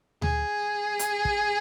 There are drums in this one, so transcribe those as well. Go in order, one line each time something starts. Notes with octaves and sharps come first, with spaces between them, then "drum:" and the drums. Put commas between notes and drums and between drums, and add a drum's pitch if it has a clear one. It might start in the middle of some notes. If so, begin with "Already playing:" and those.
G#4, drum: tom D2
drum: hi-hat
drum: kick